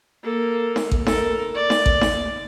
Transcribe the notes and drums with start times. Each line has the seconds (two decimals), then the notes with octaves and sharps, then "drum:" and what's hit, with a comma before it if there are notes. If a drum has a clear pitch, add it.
0.23 A#3 A4
0.76 drum: snare D#4
0.91 drum: kick A1
1.06 A4 A#4, drum: snare D#4
1.54 D5
1.70 drum: snare D#4
1.86 drum: kick A1
2.01 drum: snare D#4